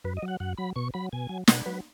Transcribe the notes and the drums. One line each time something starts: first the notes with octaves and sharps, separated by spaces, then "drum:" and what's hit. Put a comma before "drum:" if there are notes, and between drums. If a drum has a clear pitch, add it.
F#2 B4
D#5
F#3
F#5
F#2 F#5
F#3 B5
B2 C#6
F#3 B5
B2 G#5
F#3
B2 F#5, drum: snare
F#3 B4